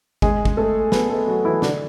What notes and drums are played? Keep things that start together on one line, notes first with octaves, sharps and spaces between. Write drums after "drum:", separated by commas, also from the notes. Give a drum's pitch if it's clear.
G#3 G#4, drum: kick G1
drum: kick G1
A3 A4
B3 B4, drum: snare
A3 A4
F#3 F#4
E3 E4
D3 D4, drum: snare